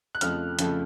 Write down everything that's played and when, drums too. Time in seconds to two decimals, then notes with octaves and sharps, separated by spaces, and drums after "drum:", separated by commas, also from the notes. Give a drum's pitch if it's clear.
0.15 F#6
0.21 F2 C#3 F3 A3 F6, drum: hi-hat
0.59 F2 C#3 F3 A3, drum: hi-hat